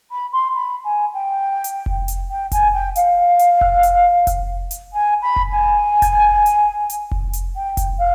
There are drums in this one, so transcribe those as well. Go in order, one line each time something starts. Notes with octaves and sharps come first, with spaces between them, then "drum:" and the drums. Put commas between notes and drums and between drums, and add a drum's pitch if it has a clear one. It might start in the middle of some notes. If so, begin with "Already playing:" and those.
B5
C6
B5
G#5
G5
drum: hi-hat
drum: kick F1
drum: hi-hat
G5
G#5, drum: kick F1, hi-hat
G5
F5, drum: hi-hat
drum: hi-hat
drum: kick F1
drum: hi-hat
drum: kick F1, hi-hat
drum: hi-hat
G#5
B5
drum: kick F1
G#5
drum: kick F1, hi-hat
drum: hi-hat
drum: hi-hat
drum: kick F1
drum: hi-hat
G5
drum: kick F1, hi-hat
F5